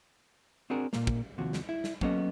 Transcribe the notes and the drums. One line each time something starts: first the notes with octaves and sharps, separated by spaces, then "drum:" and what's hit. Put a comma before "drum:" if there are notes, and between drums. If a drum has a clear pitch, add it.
C4 D4 F#4 G#4 A#4
A#2 A#3, drum: snare
drum: kick
D#2 C3 F3 F#4
drum: snare
E4
drum: snare
F#3 A#3 B3 C#4 A4 D#5, drum: kick